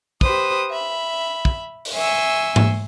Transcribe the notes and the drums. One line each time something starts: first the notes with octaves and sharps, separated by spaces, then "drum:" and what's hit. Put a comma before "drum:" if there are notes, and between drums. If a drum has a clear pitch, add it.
G4 B4 C5 D#6, drum: kick
E5 B5
drum: kick
drum: open hi-hat
E5 G#5 C6 C#6 E6
drum: tom G#2